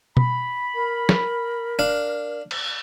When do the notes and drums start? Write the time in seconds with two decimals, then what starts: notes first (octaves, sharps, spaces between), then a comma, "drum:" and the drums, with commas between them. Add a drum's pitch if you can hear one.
0.17 B5, drum: tom
0.75 A#4
1.09 drum: snare
1.79 D4 F5
2.51 drum: cymbal